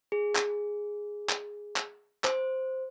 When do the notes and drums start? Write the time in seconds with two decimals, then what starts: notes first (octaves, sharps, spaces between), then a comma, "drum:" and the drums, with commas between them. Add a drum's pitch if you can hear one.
0.12 G#4
0.35 drum: clap
1.29 drum: clap
1.76 drum: clap
2.24 C5, drum: clap